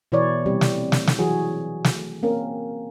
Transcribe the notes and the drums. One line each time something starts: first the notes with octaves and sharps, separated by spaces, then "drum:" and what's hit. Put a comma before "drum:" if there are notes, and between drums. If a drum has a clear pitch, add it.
B2 E3 E4 B4 C#5 D5
C3 G3 C4
drum: snare
drum: snare
drum: snare
E3 F#3 F#4 G#4
drum: snare
A#3 C4 C#4 A#4